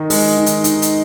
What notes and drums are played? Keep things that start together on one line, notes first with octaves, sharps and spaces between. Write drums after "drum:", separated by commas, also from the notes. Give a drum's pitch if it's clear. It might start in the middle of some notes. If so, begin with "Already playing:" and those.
Already playing: D#3 D#4
G#3, drum: open hi-hat
D#3
drum: hi-hat
D#4, drum: hi-hat
drum: hi-hat